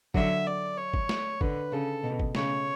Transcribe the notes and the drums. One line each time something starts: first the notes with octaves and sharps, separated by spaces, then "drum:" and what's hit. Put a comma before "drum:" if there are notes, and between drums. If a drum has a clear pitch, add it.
D3 F#3 E5, drum: kick
D5
C#5
drum: kick
drum: snare
D3 B4, drum: kick
C#3 A4
B2
drum: kick
C#3 C#5, drum: snare